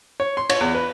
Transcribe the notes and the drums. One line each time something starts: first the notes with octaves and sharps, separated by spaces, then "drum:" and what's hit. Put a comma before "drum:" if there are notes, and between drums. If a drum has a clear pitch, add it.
C#5
C6
C#5, drum: cymbal
E2
B4